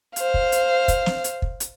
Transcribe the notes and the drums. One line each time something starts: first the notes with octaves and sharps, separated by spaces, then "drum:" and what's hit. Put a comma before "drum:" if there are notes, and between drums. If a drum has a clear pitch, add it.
C5 F5, drum: hi-hat
drum: kick
drum: hi-hat
drum: kick, hi-hat
drum: snare
drum: hi-hat
drum: kick
drum: hi-hat